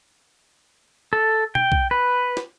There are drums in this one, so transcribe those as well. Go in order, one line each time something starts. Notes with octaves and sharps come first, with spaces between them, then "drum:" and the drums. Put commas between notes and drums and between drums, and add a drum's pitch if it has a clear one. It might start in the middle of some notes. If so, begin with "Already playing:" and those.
A4
G5, drum: tom
drum: kick B1
B4
drum: snare